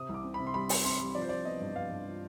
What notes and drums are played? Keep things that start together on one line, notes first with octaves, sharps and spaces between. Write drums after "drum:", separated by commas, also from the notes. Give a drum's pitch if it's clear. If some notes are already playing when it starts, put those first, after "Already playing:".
Already playing: C3 D#6
C2
D6
C4
C3 B5
C6
G3 B5
G3, drum: open hi-hat
C4 C6
G3
F3 D5
C5
F3 D5
B3 D#5
G2
G2 F5
G2
F3